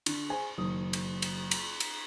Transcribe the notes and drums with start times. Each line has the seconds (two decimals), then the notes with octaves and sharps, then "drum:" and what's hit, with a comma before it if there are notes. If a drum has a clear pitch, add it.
0.06 D3, drum: cymbal
0.29 G#4 C5 G#5
0.58 F#1 D#3 D#6
0.93 drum: cymbal
1.22 drum: cymbal
1.51 drum: cymbal
1.80 drum: cymbal